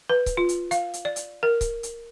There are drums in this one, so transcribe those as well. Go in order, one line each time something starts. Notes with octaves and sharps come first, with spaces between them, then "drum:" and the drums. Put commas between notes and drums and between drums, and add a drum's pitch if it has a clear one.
B4
drum: kick C#1, hi-hat
F4
drum: hi-hat
F5, drum: hi-hat
drum: hi-hat
D5
drum: hi-hat
A#4
drum: kick C#1, hi-hat
drum: hi-hat